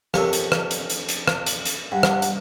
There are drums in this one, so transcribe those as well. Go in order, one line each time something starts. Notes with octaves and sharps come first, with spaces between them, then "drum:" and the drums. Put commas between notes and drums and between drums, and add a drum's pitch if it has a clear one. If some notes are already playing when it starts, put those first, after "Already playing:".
F2 G4 A#4 C#5 G#5 E6, drum: rim click
drum: hi-hat
drum: rim click
drum: hi-hat
drum: hi-hat
drum: hi-hat
drum: rim click
drum: hi-hat
drum: hi-hat
G2 G3 F#5
drum: rim click
drum: hi-hat